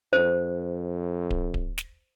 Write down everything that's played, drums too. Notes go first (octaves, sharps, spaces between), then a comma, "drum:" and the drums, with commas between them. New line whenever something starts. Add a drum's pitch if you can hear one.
F2 C5
drum: kick D1
drum: kick D1
drum: snare